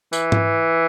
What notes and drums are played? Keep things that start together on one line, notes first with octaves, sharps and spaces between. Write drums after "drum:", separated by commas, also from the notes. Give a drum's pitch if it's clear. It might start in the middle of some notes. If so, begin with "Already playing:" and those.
E3, drum: tambourine
drum: tom G#2